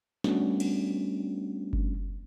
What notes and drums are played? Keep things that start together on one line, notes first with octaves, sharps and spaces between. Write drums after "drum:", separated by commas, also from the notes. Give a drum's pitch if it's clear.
G3 A3 B3 C#4 D4 F#4, drum: snare
drum: cymbal
drum: kick F#1